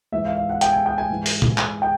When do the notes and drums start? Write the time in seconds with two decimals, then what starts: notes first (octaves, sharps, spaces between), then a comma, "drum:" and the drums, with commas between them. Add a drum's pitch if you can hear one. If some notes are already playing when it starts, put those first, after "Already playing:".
0.12 G#2 E3 E5
0.25 F5
0.37 F5
0.50 F#5
0.61 G5, drum: hi-hat
0.73 G#5
0.86 G5
0.98 G#5
1.10 G#2 E3
1.26 drum: open hi-hat
1.42 drum: tom
1.58 G#5, drum: clap
1.82 G5